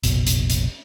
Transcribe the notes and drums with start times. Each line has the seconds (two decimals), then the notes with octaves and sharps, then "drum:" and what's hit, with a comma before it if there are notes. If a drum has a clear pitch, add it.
0.03 F1 A#1 B2, drum: hi-hat
0.27 drum: hi-hat
0.50 drum: hi-hat